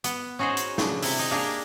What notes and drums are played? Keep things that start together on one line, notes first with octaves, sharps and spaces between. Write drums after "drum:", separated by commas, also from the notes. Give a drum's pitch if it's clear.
B3, drum: hi-hat
C#4 D#4 F#4 G#4 C5
drum: hi-hat
C#3 D4, drum: snare
C3 E4, drum: open hi-hat
D#4
A#3 D4 G4 G#4 A#4